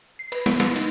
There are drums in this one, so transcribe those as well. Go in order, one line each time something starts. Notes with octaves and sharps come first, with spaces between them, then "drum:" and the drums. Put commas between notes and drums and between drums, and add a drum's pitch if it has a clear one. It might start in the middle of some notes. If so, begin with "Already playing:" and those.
C7
B4, drum: cymbal
B3, drum: snare
C6, drum: snare
D#4, drum: cymbal